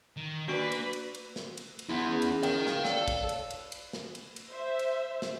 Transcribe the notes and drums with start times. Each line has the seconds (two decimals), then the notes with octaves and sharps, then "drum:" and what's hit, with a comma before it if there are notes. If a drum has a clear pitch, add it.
0.17 D#3
0.48 A#3 D4 F#4 B4 D5 C#6
0.72 drum: cymbal
0.93 drum: cymbal
1.15 drum: cymbal
1.36 drum: snare
1.57 drum: cymbal
1.79 drum: cymbal
1.89 B3 E4 C6
2.07 C#4 G#4 B4
2.22 drum: cymbal
2.43 A#4 G5, drum: cymbal
2.67 F5, drum: snare
2.85 A4 C#5 D5 F5, drum: snare
3.08 drum: kick, cymbal
3.29 drum: cymbal
3.50 drum: cymbal
3.72 drum: cymbal
3.93 drum: snare
4.15 drum: cymbal
4.36 drum: cymbal
4.50 C5 E5
4.79 drum: cymbal
5.22 drum: snare